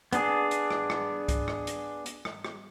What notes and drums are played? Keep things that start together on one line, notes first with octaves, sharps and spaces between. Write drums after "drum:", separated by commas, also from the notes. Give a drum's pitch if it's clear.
B3 D4 G#4, drum: hi-hat
drum: hi-hat
drum: rim click
drum: rim click
drum: kick C2, hi-hat
drum: rim click
drum: hi-hat
drum: hi-hat
drum: rim click
drum: rim click